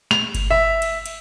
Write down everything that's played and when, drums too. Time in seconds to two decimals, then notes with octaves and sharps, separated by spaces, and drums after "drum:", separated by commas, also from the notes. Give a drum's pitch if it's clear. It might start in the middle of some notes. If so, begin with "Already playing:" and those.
0.11 F7, drum: snare
0.35 drum: kick G1, cymbal
0.51 E5
0.82 drum: cymbal
1.06 drum: cymbal